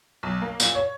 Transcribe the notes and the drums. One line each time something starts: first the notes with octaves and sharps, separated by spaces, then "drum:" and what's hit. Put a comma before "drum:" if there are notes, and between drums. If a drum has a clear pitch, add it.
B1
A#3
A#2, drum: tambourine
C#5